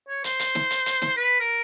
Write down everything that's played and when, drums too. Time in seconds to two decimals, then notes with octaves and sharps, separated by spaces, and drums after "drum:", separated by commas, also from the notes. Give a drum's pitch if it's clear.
0.08 C#5
0.24 C5, drum: hi-hat
0.40 drum: hi-hat
0.55 drum: snare
0.71 drum: hi-hat
0.86 drum: hi-hat
1.02 drum: snare
1.17 B4
1.40 A#4